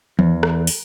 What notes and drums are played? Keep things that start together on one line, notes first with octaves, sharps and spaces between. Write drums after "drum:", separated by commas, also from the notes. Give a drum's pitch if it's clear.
E2, drum: tom E3
drum: rim click
drum: open hi-hat